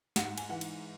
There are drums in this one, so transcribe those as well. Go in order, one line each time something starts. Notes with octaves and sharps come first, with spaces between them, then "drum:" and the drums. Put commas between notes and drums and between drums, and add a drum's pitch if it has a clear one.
G#2 F#5, drum: snare
G#5, drum: cymbal
E3 F#5
drum: cymbal